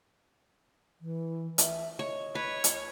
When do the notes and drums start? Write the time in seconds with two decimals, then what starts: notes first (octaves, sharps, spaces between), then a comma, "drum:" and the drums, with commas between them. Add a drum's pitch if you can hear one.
1.01 E3
1.58 E5, drum: hi-hat
1.99 C#5 D#5
2.35 B4 C#5
2.64 drum: hi-hat